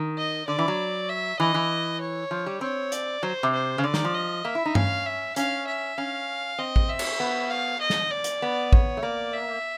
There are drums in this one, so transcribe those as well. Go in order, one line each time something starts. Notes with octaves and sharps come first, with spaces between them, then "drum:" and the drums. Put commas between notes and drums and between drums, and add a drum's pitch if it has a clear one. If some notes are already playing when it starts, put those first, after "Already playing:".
Already playing: D#3
D#5
D3 D5
E3
F#3
E5
E3 D#5
E3
C#5
F3
G3
C4 C#5
D5, drum: hi-hat
F#3 C5
C3
C5
C#3
D3 D5
D#3, drum: snare
F3
D#5
A#3 E5
E4
D#4
C#4 F5, drum: tom G2
E5
C#4 F5, drum: hi-hat
E5
C#4 F5
C4 D#5
drum: kick A1
E5
drum: cymbal
B3
F5
D#5
drum: snare
D5
drum: hi-hat
B3
C#5, drum: kick A1
A3
A#3 D5
E5